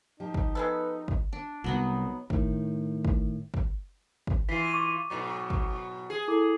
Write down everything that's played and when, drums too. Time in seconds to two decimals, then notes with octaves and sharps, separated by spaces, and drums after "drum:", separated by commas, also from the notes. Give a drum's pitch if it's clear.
0.20 F3 D#4 G4
0.34 drum: kick
0.55 G#3 B3 A4 B4
1.08 drum: kick
1.33 D4
1.64 C2 F#3 B3 D#4
2.30 A2 D#3, drum: kick
3.05 drum: kick
3.54 drum: kick
4.27 drum: kick
4.49 E3 F4 B6 C7
4.73 C#6 D6 D#7
5.10 G#2 B2 F#3
5.50 drum: kick
6.10 G#4
6.28 E4 A4 D6